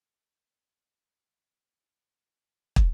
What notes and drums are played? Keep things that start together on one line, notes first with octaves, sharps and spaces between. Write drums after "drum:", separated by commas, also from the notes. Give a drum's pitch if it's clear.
A#1 A2 D3 A#3 C#4
drum: kick